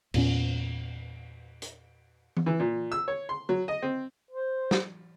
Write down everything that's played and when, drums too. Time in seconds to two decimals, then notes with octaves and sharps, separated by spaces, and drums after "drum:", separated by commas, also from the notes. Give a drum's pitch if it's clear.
0.14 E2 A#2 C#4, drum: cymbal
1.62 drum: hi-hat
2.37 drum: tom E3
2.46 E3
2.60 A#2
2.92 E6
3.08 C#5
3.29 C6
3.49 F#3
3.68 D#5
3.82 C4
4.31 C5
4.71 drum: snare